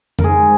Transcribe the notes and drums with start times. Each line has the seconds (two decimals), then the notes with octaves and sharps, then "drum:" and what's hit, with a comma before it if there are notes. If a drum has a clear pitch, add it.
0.19 A#4, drum: tom F2
0.24 G#2 D#3 G#3 G#4